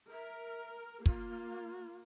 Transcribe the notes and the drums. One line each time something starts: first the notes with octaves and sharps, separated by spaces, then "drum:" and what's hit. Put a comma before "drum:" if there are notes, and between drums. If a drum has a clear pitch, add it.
A#4 E5
A#3 F4, drum: kick